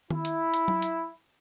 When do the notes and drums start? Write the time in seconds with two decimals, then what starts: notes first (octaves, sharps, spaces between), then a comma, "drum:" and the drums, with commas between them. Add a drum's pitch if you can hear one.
0.10 E4, drum: tom D#3
0.25 drum: hi-hat
0.54 drum: hi-hat
0.68 drum: tom F#3
0.82 drum: hi-hat